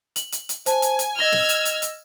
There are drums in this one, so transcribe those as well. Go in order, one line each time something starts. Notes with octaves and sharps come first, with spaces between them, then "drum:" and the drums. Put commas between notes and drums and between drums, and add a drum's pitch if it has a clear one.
F#7, drum: hi-hat
drum: hi-hat
drum: hi-hat
C5 G#5 A5, drum: hi-hat
drum: hi-hat
drum: hi-hat
D#5 E6 F6 G#6 A#6 G7
drum: snare
drum: hi-hat
drum: hi-hat
drum: hi-hat